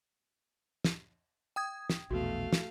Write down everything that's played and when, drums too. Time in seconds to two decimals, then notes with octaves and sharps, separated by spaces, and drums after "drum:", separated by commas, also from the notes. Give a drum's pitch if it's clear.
0.84 drum: snare
1.56 G5 D#6 G#6
1.90 drum: snare
2.11 A#1 E2 B2 A3 F#4 F5
2.53 drum: snare